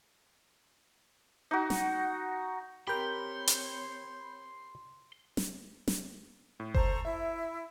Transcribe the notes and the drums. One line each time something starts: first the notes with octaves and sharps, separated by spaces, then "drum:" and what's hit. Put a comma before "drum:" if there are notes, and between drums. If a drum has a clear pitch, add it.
D#4 F#4
drum: snare
C4 G4 A#4 C#5 B5 C6 G6
drum: hi-hat
drum: snare
drum: snare
A2
A4 C5 A#5 C#6, drum: kick F#1
E4 E5